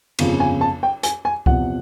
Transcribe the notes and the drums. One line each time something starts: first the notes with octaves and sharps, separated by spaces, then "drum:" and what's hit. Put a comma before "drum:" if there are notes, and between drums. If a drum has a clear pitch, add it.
G1 F2 C#3 F3, drum: cymbal
G#5
A5
G5
G#5, drum: hi-hat
G#5
E2 C3 F3 F#5, drum: kick C2